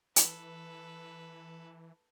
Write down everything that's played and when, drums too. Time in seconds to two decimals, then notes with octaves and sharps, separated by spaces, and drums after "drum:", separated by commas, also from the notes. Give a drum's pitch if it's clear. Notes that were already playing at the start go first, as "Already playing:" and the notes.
0.16 E3 A4 B4, drum: hi-hat